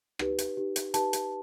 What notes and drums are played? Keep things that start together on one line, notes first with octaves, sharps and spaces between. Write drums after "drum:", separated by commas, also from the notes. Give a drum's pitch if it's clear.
D#4 G4 B4, drum: rim click
drum: hi-hat
D#4 G4 B4
drum: hi-hat
D#4 G4 B4 A5, drum: hi-hat
drum: hi-hat